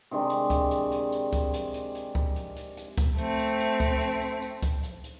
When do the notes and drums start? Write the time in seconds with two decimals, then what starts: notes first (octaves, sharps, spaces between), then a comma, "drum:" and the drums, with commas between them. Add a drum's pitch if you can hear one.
0.11 C3 D#3 G#3 D4
0.30 drum: hi-hat
0.50 drum: kick C#2, hi-hat
0.71 drum: hi-hat
0.91 drum: hi-hat
1.12 drum: hi-hat
1.33 drum: kick C#2, hi-hat
1.53 drum: hi-hat
1.74 drum: hi-hat
1.94 drum: hi-hat
2.15 drum: kick C#2
2.36 drum: hi-hat
2.56 drum: hi-hat
2.77 drum: hi-hat
2.98 drum: kick C#2, hi-hat
3.18 A3 C4, drum: hi-hat
3.39 drum: hi-hat
3.59 drum: hi-hat
3.80 drum: kick C#2, hi-hat
4.01 drum: hi-hat
4.21 drum: hi-hat
4.42 drum: hi-hat
4.62 drum: kick C#2, hi-hat
4.83 drum: hi-hat
5.04 drum: hi-hat